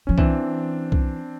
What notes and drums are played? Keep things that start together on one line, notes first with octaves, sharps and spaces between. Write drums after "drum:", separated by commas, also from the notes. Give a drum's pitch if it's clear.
F3 C#4
E3 C4 D4, drum: kick C2
drum: kick C2